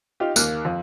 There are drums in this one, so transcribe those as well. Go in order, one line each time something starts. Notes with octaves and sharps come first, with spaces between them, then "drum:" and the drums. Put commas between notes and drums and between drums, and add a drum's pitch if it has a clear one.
D#4 F4 G4
D#2 A#3 F6 F#6, drum: tambourine
F2